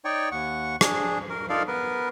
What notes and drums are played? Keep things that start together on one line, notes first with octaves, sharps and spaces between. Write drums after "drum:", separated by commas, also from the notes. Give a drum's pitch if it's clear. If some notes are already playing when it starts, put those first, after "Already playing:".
D#4 C#5 D5 G5 C#6
D#2 F#5 C#6
D4 G#4, drum: rim click
A#4
D#4 F4 A4 A#4 D5 F5
B3 A#4 B4